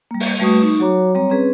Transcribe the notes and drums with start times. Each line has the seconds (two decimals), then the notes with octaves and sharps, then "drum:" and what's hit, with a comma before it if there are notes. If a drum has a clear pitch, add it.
0.11 G3 A#3
0.20 drum: open hi-hat
0.40 G3 A3 F#4 B4 C#6 D#6
0.63 D#4 C#6
0.80 F#3 F#4 C#5 A#5 D6
1.15 G3 C4 C#5 A#5
1.30 C4 C#4 G#4 B4